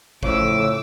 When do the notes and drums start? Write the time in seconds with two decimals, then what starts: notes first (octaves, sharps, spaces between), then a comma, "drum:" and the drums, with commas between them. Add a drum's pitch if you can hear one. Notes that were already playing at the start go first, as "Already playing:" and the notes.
0.23 F2 A2 C#3 D6 E6, drum: kick G#1